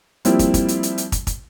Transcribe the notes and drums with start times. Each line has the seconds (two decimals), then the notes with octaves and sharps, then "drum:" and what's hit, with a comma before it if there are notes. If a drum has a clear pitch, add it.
0.25 F3 G3 A#3 C4 E4, drum: hi-hat
0.39 drum: kick, hi-hat
0.54 drum: kick, hi-hat
0.68 drum: hi-hat
0.83 drum: hi-hat
0.98 drum: hi-hat
1.12 drum: kick, hi-hat
1.27 drum: kick, hi-hat